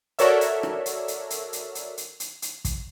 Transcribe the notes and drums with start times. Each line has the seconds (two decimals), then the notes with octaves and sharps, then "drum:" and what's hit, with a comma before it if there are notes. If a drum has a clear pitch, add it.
0.19 F#4 A4 A#4 C#5 D5 E5, drum: hi-hat
0.41 drum: hi-hat
0.63 drum: rim click
0.86 drum: hi-hat
1.08 drum: hi-hat
1.30 drum: hi-hat
1.53 drum: hi-hat
1.75 drum: hi-hat
1.97 drum: hi-hat
2.20 drum: hi-hat
2.42 drum: hi-hat
2.65 drum: kick, hi-hat